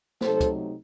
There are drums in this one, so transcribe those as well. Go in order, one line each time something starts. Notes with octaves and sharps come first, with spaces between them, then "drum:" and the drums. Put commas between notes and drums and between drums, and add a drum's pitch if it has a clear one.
C3 F#3 A3 D#4 A4 C5, drum: snare
drum: kick, hi-hat